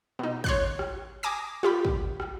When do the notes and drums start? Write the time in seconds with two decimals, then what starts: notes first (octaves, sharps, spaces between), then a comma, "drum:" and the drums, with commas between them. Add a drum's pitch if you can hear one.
0.19 B2 D#4
0.44 C#5 C6 F#6, drum: kick
0.79 drum: rim click
1.23 G#5 D6 D#6 A#6
1.63 F4 G4 B5
1.85 drum: kick
2.20 drum: rim click